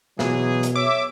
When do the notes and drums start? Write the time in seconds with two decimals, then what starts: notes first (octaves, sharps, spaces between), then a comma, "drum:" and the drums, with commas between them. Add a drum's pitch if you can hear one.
0.19 B2 E3 F#3 G#4, drum: snare
0.63 drum: hi-hat
0.76 C#5 E5 D6